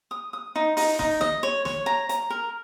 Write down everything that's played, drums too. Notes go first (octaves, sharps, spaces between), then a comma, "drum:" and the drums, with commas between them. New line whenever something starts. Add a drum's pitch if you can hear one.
D#6
D#6
D#4
D#4, drum: open hi-hat
D#4, drum: kick F#1
D#5, drum: snare
C#5
C#5, drum: snare
A#5
A#5, drum: hi-hat
A#4